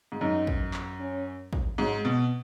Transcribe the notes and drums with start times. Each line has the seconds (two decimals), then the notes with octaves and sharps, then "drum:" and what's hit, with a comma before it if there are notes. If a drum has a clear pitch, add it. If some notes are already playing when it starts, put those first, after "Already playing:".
0.12 G#2
0.21 F#2 D#4
0.47 drum: kick
0.74 drum: clap
1.00 C#4
1.53 drum: kick
1.78 G#2 F#3
2.05 B2